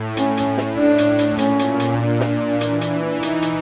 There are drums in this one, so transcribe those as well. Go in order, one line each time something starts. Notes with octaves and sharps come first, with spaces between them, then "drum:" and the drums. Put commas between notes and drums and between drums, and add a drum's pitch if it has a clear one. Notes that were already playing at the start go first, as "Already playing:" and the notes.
Already playing: A2
C#4, drum: hi-hat
drum: hi-hat
drum: snare
D4
drum: hi-hat
drum: hi-hat
A#2 C#4, drum: hi-hat
drum: hi-hat
drum: hi-hat
D4
drum: snare
E3, drum: hi-hat
drum: hi-hat
D#4, drum: hi-hat
drum: hi-hat